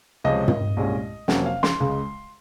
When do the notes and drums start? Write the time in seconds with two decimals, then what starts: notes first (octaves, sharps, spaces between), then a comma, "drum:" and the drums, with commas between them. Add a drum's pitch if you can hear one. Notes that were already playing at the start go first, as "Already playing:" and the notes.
0.24 C#2 C3 F3 G#3 C#4 D#5
0.48 drum: tom
0.77 C2 A#2 G#3 C#4
1.28 F2 C3 F#3 A#3 C#4 F#5, drum: snare
1.46 F5
1.63 C6, drum: snare
1.80 C#2 C#3 G#3